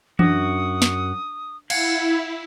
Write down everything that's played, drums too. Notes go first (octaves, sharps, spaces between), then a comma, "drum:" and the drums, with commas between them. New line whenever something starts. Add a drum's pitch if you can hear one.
F#2 D4 F#4 D#6, drum: tom E3
drum: snare
E4 F5 F#5 G#6, drum: cymbal